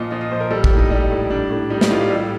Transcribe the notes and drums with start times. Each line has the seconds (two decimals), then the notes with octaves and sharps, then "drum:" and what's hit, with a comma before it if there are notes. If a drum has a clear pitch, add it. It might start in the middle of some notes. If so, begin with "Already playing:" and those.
Already playing: A#2 F3 D#5
0.11 F3 D#5
0.21 D#5
0.31 A#2 C5
0.41 A#4
0.51 G3 A4
0.64 G4, drum: kick
0.71 A2
0.77 D#4
0.91 G3
1.11 A2
1.30 G3 D4
1.51 A2
1.70 G3 D#4
1.81 D#4, drum: snare
1.91 A2 F4
2.01 G4
2.10 G3 A4